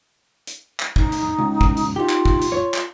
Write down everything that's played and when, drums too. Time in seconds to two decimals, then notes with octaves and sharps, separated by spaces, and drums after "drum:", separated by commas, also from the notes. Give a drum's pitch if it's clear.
0.47 drum: hi-hat
0.80 drum: clap
0.96 D#4, drum: kick
1.12 drum: hi-hat
1.38 C#2
1.61 drum: kick
1.77 drum: hi-hat
1.96 D#4 F4 G4
2.09 drum: clap
2.25 drum: kick
2.42 drum: hi-hat
2.52 C#5
2.74 drum: clap